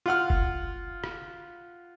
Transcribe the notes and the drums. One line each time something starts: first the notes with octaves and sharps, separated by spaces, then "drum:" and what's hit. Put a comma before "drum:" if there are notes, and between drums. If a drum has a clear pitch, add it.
F4 F#5 F6
drum: kick F1
drum: rim click